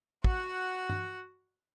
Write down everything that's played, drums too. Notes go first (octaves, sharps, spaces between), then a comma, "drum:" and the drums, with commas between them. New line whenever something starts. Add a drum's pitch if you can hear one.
F#4 F#5, drum: kick
drum: tom G2